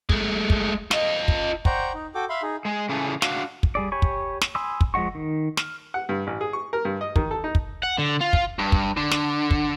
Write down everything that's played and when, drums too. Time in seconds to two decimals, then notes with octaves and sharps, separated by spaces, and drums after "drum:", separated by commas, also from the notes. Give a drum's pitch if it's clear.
0.09 G#3 A3, drum: kick
0.50 drum: kick
0.91 F4 D#5, drum: snare
1.28 drum: kick
1.65 C5 D5 F#5 G5 A#5 C#6, drum: kick
1.94 D#4
2.15 F#4 A4 G5 D6
2.29 E5 F5 B5 C6
2.42 D#4 G#4
2.65 G#3 G#4
2.89 C#3 E3 E4 G#4 A4
3.22 D4 F#4 F5, drum: snare
3.63 drum: kick
3.75 G3 G#4 D5
3.92 G4 C#5 G#5 B5 C#6
4.02 drum: kick
4.41 drum: snare
4.55 G#5 B5 C6 D#6 E6
4.81 drum: kick
4.94 F3 G#3 D#5 F#5 C#6
5.15 D#3
5.57 F6, drum: snare
5.94 F#5
6.09 G2
6.27 A1
6.41 G#4
6.53 C#6
6.73 A#4
6.85 G2
7.01 D#5
7.16 D#3, drum: kick
7.31 A4
7.44 D#4
7.55 drum: kick
7.83 F#5
7.99 D3
8.21 F4
8.33 drum: kick
8.59 G2
8.72 drum: kick
8.97 D3
9.11 drum: snare
9.51 drum: kick